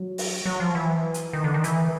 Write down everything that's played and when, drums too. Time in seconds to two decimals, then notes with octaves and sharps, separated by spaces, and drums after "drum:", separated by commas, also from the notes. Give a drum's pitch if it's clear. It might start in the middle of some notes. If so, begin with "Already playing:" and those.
Already playing: F#3
0.18 drum: open hi-hat
0.46 F#3
0.60 F3
0.75 E3
1.14 drum: hi-hat
1.33 D#3
1.44 D3
1.54 D#3
1.64 E3, drum: hi-hat